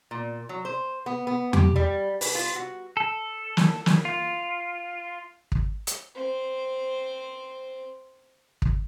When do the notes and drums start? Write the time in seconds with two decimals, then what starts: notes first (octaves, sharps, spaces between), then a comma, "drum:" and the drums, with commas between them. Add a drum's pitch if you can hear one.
0.11 A#2
0.49 F#3
0.65 C5
1.06 B3
1.27 B3
1.53 G4, drum: tom E2
1.76 G3
2.21 B4, drum: open hi-hat
2.35 F4
2.55 F#4
2.97 A4
3.57 drum: snare
3.86 drum: snare
4.05 F4
5.52 drum: kick
5.87 drum: hi-hat
6.15 C4 C5
8.62 drum: kick